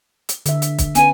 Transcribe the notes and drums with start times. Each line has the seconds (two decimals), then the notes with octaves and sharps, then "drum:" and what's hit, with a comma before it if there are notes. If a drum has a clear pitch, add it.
0.29 drum: hi-hat
0.46 D3 E5, drum: hi-hat
0.62 drum: hi-hat
0.79 drum: kick, hi-hat
0.95 B3 C#4 B4 G#5, drum: hi-hat